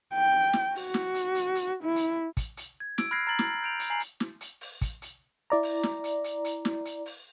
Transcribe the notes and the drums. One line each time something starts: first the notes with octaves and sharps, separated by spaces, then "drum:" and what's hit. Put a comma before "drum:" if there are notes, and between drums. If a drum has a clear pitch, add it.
G5
drum: snare
F#4, drum: open hi-hat
drum: snare
drum: hi-hat
drum: hi-hat
drum: hi-hat
E4
drum: hi-hat
drum: kick, hi-hat
drum: hi-hat
G#6
E6 D7, drum: snare
B5 F6 F#6 G#6 A#6 C7
A#5 F6 A6 F#7
drum: snare
G6 D7 F7
drum: hi-hat
G#5 A#5 C7 F#7
drum: hi-hat
drum: snare
drum: hi-hat
drum: open hi-hat
drum: kick, hi-hat
drum: hi-hat
E4 D5 A#5
drum: open hi-hat
drum: snare
drum: hi-hat
drum: hi-hat
drum: hi-hat
drum: snare
drum: hi-hat
drum: open hi-hat